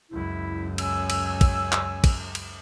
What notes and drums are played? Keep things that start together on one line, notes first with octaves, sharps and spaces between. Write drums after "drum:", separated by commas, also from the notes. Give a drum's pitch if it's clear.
C#2 F#2 E4
C#5 G#5 E6, drum: cymbal
drum: cymbal
drum: kick, cymbal
drum: clap
drum: kick, cymbal
drum: cymbal